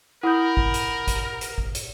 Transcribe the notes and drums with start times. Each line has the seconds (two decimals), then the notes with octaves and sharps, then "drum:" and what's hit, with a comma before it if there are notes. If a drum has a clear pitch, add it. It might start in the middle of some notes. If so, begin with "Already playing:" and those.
0.23 E4 A#4 F#5 B5 D#6 G6
0.57 drum: kick
0.74 drum: hi-hat
1.07 drum: kick, hi-hat
1.41 drum: hi-hat
1.58 drum: kick
1.75 drum: hi-hat